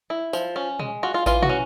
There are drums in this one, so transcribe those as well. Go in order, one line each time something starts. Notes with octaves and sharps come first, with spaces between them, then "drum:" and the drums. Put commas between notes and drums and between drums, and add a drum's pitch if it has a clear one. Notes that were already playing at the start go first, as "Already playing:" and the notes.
E4
F3, drum: tambourine
C#4
G#3, drum: tom A#2
F4 F#4
F4
E3 F4, drum: kick A1, tambourine
F#4, drum: tom
C#4